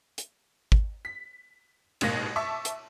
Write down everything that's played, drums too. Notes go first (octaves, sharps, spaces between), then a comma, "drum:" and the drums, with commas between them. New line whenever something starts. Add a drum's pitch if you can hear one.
drum: hi-hat
drum: kick
B6
A1 G#2 B2 A#3 A#6, drum: cymbal
E5 A5 C#6 D6 E6
drum: hi-hat